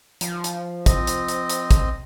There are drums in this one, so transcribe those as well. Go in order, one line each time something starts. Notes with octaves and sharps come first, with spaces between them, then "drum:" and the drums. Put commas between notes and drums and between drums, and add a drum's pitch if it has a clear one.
F3, drum: hi-hat
drum: hi-hat
C4 D#5, drum: kick, hi-hat
drum: hi-hat
drum: hi-hat
drum: hi-hat
drum: kick, hi-hat